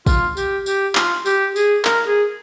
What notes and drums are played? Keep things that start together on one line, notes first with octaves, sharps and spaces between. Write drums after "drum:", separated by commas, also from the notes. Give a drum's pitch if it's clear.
F4, drum: kick, tambourine
G4, drum: tambourine
G4, drum: tambourine
F4, drum: clap
G4, drum: tambourine
G#4, drum: tambourine
A#4, drum: clap
G#4